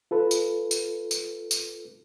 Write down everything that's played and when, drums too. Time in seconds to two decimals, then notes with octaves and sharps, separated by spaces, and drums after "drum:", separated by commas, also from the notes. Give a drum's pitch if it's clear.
0.11 F4 A4 B4
0.31 drum: tambourine
0.71 drum: tambourine
1.11 drum: tambourine
1.51 drum: tambourine